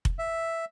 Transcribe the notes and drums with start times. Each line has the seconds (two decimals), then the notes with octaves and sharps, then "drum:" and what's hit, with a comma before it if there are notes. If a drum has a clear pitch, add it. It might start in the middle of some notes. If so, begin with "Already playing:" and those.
0.05 drum: kick F1
0.19 E5